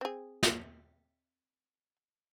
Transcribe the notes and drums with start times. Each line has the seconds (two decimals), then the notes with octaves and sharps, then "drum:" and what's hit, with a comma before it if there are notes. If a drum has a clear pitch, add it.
0.01 C4 G#4
0.43 drum: snare